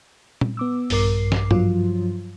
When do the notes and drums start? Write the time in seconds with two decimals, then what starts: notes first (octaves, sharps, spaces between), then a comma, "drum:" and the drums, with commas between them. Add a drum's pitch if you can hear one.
0.41 drum: tom A#2
0.57 B3 D6 E6
0.90 A#1 G2 A#4 D6 C7, drum: open hi-hat
1.32 drum: snare
1.51 G2 F3 F#3 F4, drum: tom G#2